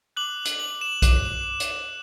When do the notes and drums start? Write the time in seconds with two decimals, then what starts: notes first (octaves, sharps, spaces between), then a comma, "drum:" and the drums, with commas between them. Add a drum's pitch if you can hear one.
0.17 D6 F#6 F#7
0.45 drum: hi-hat
0.60 F#7
0.81 E7
1.02 D6 F#6 E7, drum: kick B1, hi-hat
1.60 drum: hi-hat